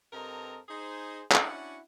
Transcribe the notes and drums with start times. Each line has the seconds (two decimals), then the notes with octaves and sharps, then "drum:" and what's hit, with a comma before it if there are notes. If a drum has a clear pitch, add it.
0.13 G2 C4 A4 A#4 D#5 A#5
0.69 D#4 G#4 C5
1.32 C#4 D4 E4 F#4 F#5, drum: clap